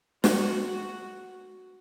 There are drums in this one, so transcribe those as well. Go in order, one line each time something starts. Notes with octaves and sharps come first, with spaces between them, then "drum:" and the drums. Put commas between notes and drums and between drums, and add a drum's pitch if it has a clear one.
F#4, drum: snare
F#4